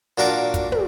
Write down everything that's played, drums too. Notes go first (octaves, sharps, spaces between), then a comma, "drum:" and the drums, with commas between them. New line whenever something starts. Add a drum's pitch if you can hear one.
A#2 D4 F#4 A#4 A5 D6
drum: kick, hi-hat
drum: tom